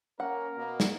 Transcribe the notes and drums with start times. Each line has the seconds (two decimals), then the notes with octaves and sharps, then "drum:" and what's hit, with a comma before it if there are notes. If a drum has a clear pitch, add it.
0.20 A#3 C#4 A#4 F#5
0.58 B2 A#3
0.80 drum: snare